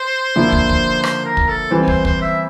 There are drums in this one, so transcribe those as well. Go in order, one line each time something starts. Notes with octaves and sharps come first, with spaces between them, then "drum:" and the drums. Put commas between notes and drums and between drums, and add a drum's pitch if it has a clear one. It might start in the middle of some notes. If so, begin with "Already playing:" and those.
Already playing: C5
D3 F3 A#3 E4
drum: kick
drum: kick
C5, drum: rim click
A#4
drum: kick
A4
E3 G3 C4
C5, drum: kick
C5, drum: kick
E5